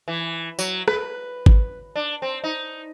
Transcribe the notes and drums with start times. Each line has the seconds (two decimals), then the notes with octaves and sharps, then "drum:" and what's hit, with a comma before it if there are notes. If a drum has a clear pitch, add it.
0.08 E3
0.59 F#3, drum: tambourine
0.88 B4, drum: rim click
1.46 drum: kick G#1
1.96 D4
2.22 C4
2.44 D#4